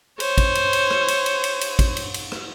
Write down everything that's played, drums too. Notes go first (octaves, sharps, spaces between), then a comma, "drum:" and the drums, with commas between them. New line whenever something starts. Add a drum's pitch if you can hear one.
C5 C#5, drum: cymbal
drum: kick, cymbal
drum: cymbal
drum: cymbal
drum: rim click
drum: cymbal
drum: cymbal
drum: cymbal
drum: cymbal
drum: kick, cymbal
drum: cymbal
drum: cymbal
drum: rim click